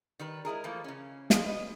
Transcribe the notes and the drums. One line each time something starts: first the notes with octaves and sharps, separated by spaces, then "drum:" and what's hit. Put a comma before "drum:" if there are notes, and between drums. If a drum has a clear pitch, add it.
D#3 G3 B4
G#3 E4 G#4 A#4
E3 F3 A3 A#3
C#3 C#4
G3 G#3 F4 G#4, drum: snare
B4 D#5